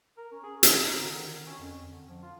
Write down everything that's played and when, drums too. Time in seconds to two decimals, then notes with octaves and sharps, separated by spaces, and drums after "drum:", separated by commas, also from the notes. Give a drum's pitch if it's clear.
0.18 A#4
0.32 C#4
0.43 G#4
0.63 E3, drum: hi-hat
0.86 D#4
1.01 D3
1.14 D#3
1.47 C#4
1.59 F2
1.89 D3
2.08 F3
2.22 F4